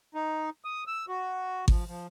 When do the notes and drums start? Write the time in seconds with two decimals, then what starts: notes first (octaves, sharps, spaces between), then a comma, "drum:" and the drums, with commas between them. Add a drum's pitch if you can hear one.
0.15 D#4
0.65 D#6
0.87 E6
1.08 F#4
1.68 F3, drum: kick G#1
1.87 F3